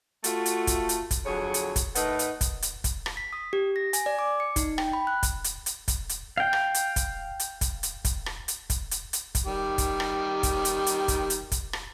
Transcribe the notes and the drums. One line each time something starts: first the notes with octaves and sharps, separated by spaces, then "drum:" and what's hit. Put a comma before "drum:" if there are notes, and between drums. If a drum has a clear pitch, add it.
A3 F4 F#4, drum: hi-hat
drum: hi-hat
drum: kick, hi-hat
drum: hi-hat
drum: kick, hi-hat
F2 D3 F#3 G#4 C#5
drum: hi-hat
drum: kick, hi-hat
A2 A3 D#4 A#4 B4 F#5, drum: hi-hat
drum: hi-hat
drum: kick, hi-hat
drum: hi-hat
drum: kick, hi-hat
drum: rim click
B6
D#6
G4
A#6
G#5, drum: hi-hat
D5
D6
C#7
D#4, drum: kick, hi-hat
G5, drum: rim click
B5
F#6
drum: kick, hi-hat
drum: hi-hat
drum: hi-hat
drum: kick, hi-hat
drum: hi-hat
F5 G5
drum: rim click
drum: hi-hat
drum: kick, hi-hat
drum: hi-hat
drum: kick, hi-hat
drum: hi-hat
drum: kick, hi-hat
drum: rim click
drum: hi-hat
drum: kick, hi-hat
drum: hi-hat
drum: hi-hat
drum: kick, hi-hat
D#3 G3 G4
drum: kick, hi-hat
drum: rim click
drum: kick, hi-hat
drum: hi-hat
drum: hi-hat
drum: kick, hi-hat
drum: hi-hat
drum: kick, hi-hat
drum: rim click